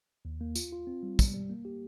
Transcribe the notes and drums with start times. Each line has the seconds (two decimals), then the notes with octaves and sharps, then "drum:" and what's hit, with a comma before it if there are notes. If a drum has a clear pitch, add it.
0.25 D#2
0.41 A#3
0.55 F4, drum: tambourine
0.72 F4
0.87 C4
1.03 G3
1.19 G3, drum: kick, tambourine
1.34 G3
1.50 A#3
1.65 G4